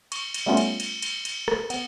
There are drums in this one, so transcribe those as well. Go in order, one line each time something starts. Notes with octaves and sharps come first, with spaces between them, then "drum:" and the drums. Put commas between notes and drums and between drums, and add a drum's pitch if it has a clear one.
C#6, drum: cymbal
drum: cymbal
G3 A3 B3 C#4 F4
drum: cymbal
drum: cymbal
drum: cymbal
drum: cymbal
drum: rim click
B3, drum: cymbal